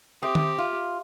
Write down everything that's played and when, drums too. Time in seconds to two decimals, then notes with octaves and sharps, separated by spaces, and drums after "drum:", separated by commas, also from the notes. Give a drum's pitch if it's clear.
0.23 C4 G4 E5 C6 D#6
0.35 drum: tom
0.58 F4 E5 F5